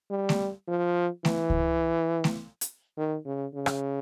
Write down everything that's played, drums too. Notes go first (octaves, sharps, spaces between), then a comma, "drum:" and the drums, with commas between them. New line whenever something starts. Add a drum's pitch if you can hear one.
G3
drum: snare A3
F3
E3, drum: snare A3
drum: kick C#2
drum: snare A3
drum: hi-hat
D#3
C#3
C#3
drum: rim click